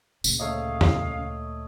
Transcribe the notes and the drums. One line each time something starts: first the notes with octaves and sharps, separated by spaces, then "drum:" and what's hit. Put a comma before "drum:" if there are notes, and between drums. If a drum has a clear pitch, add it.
D2 A#2 C#3, drum: tambourine
A3 C#5 D#5 F5
drum: tom E2